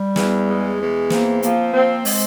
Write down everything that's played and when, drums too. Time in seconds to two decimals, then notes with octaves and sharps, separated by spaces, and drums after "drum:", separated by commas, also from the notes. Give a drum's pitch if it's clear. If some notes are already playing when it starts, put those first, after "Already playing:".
Already playing: G3
0.16 E2, drum: snare
0.48 G#3
0.79 E2
1.10 A#3 C4, drum: snare
1.43 F3 A#3, drum: hi-hat
1.73 A#3 C4
2.05 G#3 C4, drum: open hi-hat